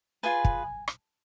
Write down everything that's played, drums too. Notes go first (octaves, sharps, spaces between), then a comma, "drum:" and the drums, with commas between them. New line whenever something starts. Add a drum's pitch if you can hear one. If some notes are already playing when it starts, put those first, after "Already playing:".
F4 G#4 B4 G#5
drum: kick
drum: rim click